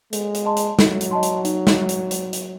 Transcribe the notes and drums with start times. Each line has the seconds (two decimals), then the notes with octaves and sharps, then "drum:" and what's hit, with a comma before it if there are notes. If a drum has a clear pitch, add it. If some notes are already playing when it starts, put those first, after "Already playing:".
0.13 G#3 A4, drum: hi-hat
0.35 drum: hi-hat
0.45 D#5 A5 C6
0.57 drum: hi-hat
0.79 F#3 A4, drum: snare
1.01 drum: hi-hat
1.11 D#5 A5 C6
1.23 drum: hi-hat
1.45 D#4, drum: hi-hat
1.67 drum: snare
1.89 drum: hi-hat
2.11 drum: hi-hat
2.33 drum: hi-hat